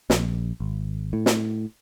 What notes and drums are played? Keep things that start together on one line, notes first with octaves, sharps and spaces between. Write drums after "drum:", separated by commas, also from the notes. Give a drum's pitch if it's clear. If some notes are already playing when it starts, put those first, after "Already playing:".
A#1, drum: snare
G#1
A2
drum: snare